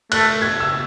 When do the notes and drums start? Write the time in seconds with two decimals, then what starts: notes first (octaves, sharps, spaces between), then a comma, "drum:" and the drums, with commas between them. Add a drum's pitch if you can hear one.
0.12 A3 F#6, drum: cymbal
0.42 G#6
0.60 E6